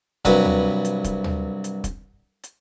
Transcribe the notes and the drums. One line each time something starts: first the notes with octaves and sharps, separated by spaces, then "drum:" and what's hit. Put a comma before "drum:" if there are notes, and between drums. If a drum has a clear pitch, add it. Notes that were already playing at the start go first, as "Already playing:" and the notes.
C2 G2 F#3 F#4 B4, drum: kick, hi-hat
drum: tom
drum: hi-hat
drum: kick, hi-hat
drum: tom
drum: hi-hat
drum: kick, hi-hat
drum: hi-hat